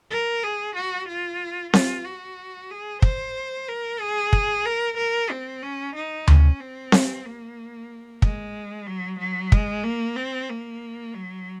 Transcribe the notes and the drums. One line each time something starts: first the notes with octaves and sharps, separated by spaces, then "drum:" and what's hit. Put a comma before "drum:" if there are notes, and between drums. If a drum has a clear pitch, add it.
A#4
G#4
F#4
F4
F4, drum: snare C4
F#4
G#4
C5, drum: kick
A#4
G#4
drum: kick
A#4
A#4
C4
C#4
D#4
C#4, drum: tom D2
C4
drum: snare C4
A#3
G#3, drum: kick
F#3
F#3
G#3, drum: kick
A#3
C4
A#3
F#3